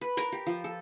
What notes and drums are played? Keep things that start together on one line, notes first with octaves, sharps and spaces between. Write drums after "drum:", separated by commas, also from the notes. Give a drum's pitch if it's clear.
B4
A#4, drum: hi-hat
G4
F3
A4